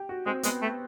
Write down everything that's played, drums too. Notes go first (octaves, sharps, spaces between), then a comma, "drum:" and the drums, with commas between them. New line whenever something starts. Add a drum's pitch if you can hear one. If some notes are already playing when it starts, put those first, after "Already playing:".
Already playing: G4
F#4
G#3 C4
G#3 B3, drum: hi-hat
A3